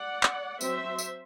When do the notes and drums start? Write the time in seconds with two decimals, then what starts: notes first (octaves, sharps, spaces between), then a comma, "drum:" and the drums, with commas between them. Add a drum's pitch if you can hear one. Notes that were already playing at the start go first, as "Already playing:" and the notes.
Already playing: D5 F#5
0.23 drum: clap
0.61 F#3 C4 C5 E5, drum: tambourine
0.99 drum: tambourine